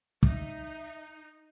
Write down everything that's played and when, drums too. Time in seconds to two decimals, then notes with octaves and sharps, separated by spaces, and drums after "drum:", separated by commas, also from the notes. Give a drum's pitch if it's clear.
0.23 D#4 E5, drum: kick